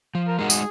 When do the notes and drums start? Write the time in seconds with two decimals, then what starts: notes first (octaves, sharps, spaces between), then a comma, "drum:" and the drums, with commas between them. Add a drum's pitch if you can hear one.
0.15 F3
0.27 A#4
0.38 G#3 D#4 F#4 A#4
0.50 G#4, drum: tambourine